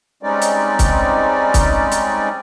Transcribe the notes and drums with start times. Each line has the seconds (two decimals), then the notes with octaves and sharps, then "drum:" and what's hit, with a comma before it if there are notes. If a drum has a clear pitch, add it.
0.23 G3 G#3 C4 C#4 D#4 D5
0.42 drum: hi-hat
0.79 drum: kick, hi-hat
1.54 drum: kick, hi-hat
1.92 drum: hi-hat